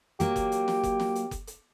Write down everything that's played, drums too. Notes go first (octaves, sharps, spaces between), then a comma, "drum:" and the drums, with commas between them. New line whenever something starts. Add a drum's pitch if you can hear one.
F#3 A#3 G4, drum: hi-hat
drum: kick F#1, hi-hat
drum: hi-hat
drum: snare
drum: kick F#1, hi-hat
drum: snare
drum: hi-hat
drum: kick F#1, hi-hat
drum: hi-hat